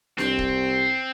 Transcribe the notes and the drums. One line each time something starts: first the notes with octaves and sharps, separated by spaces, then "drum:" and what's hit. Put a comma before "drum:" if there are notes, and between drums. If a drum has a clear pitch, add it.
C2 C4, drum: snare D4
drum: kick